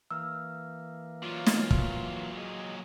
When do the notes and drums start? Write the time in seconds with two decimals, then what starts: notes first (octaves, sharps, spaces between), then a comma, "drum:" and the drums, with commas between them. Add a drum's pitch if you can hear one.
0.11 E3 A#3 E6 F6
1.22 A#2 F#3 F4
1.46 drum: snare
1.71 drum: kick
2.37 G#4 D#5